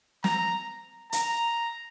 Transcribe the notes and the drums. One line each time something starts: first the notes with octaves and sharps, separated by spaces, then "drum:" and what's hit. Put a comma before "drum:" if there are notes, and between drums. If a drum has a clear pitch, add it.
A#5, drum: snare
A#5, drum: hi-hat